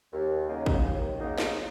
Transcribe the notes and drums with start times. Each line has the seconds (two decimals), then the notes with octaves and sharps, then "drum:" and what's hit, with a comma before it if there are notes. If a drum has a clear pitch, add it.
0.13 D#2
0.48 C#3 F#3 A#3 D#4
0.66 drum: kick
0.83 D#2
1.18 C#3 F#3 A#3 D#4
1.38 drum: snare